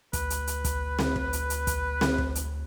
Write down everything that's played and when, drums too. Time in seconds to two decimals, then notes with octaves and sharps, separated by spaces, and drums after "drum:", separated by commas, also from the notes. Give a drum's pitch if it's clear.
0.13 D2 B4, drum: kick, hi-hat
0.30 drum: hi-hat
0.47 drum: hi-hat
0.64 drum: kick, hi-hat
0.99 drum: snare C4
1.16 drum: kick
1.33 drum: hi-hat
1.50 drum: hi-hat
1.67 drum: kick, hi-hat
2.01 drum: snare C4
2.18 drum: kick
2.35 drum: hi-hat